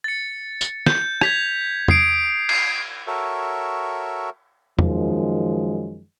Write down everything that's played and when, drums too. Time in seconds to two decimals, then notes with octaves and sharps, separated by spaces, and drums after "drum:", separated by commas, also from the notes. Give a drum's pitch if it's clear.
0.04 A6 C#7
0.61 drum: tambourine
0.86 G6, drum: snare
1.21 G#6 B6 F7, drum: rim click
1.88 D#6 C7 D7, drum: tom E2
2.49 C7, drum: cymbal
3.07 F#4 A4 A#4 C#5 E5
4.79 F#2 D#3 F3 G#3, drum: tom E2